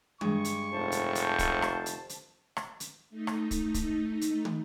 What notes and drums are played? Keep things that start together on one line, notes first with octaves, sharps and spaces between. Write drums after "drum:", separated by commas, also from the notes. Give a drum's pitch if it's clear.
G2 G#3 C#6, drum: tom
drum: hi-hat
F1 C5 A5
drum: hi-hat
drum: hi-hat
drum: kick, hi-hat
drum: rim click
drum: hi-hat
drum: hi-hat
drum: rim click
drum: hi-hat
A3 D#4
drum: rim click
drum: kick, hi-hat
drum: kick, hi-hat
drum: hi-hat
drum: tom